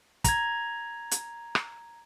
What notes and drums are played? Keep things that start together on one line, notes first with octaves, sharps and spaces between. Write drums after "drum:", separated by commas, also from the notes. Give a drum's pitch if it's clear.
A#5 G#6, drum: kick, hi-hat
drum: hi-hat
drum: rim click